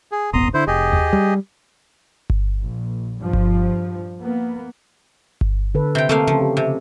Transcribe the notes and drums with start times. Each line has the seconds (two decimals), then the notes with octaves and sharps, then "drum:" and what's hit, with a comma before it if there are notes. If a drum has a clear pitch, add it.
0.12 G#4
0.33 D#1 G#1 B3 A#5 C6 D#6
0.54 D3 E4 C5
0.67 F1 G4 G#4 D#5
0.93 drum: tom D#2
1.13 G3
2.30 drum: kick G1
2.60 A#1
3.19 G2 F3
3.33 drum: kick G1
4.20 A#3 B3
5.41 drum: kick G1
5.75 D3 A4 B4
5.95 C3 G5
6.09 A3 A#3 C4 F5
6.27 C#3 F3 C#4
6.41 G4
6.57 C3